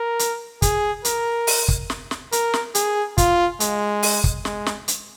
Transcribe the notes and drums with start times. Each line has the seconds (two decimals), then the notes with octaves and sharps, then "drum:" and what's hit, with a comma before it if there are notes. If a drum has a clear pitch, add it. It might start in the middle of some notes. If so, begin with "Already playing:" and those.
Already playing: A#4
0.19 drum: hi-hat
0.62 G#4, drum: kick, hi-hat
1.05 A#4, drum: hi-hat
1.47 drum: open hi-hat
1.68 drum: kick
1.90 drum: snare
2.11 drum: snare
2.32 A#4, drum: hi-hat
2.54 drum: snare
2.75 G#4, drum: hi-hat
3.18 F4, drum: kick, hi-hat
3.60 G#3, drum: hi-hat
4.03 drum: open hi-hat
4.24 drum: kick
4.45 G#3, drum: snare
4.66 drum: snare
4.88 drum: hi-hat